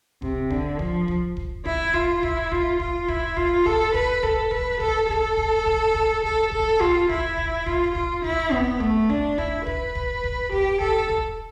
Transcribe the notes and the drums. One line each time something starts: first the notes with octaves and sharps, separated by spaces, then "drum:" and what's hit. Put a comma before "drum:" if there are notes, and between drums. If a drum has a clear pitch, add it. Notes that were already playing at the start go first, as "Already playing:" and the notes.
C3, drum: kick D#1
D3, drum: kick D#1
F3, drum: kick D#1
drum: kick D#1
drum: kick D#1
E4, drum: kick D#1
F4, drum: kick D#1
E4, drum: kick D#1
F4, drum: kick D#1
F4, drum: kick D#1
E4, drum: kick D#1
F4, drum: kick D#1
A4, drum: kick D#1
B4, drum: kick D#1
A4, drum: kick D#1
B4, drum: kick D#1
A4, drum: kick D#1
A4, drum: kick D#1
drum: kick D#1
drum: kick D#1
drum: kick D#1
A4, drum: kick D#1
A4, drum: kick D#1
F4, drum: kick D#1
E4, drum: kick D#1
drum: kick D#1
F4, drum: kick D#1
F4, drum: kick D#1
E4, drum: kick D#1
B3, drum: kick D#1
A3, drum: kick D#1
D4, drum: kick D#1
E4, drum: kick D#1
B4, drum: kick D#1
drum: kick D#1
drum: kick D#1
G4, drum: kick D#1
A4, drum: kick D#1
drum: kick D#1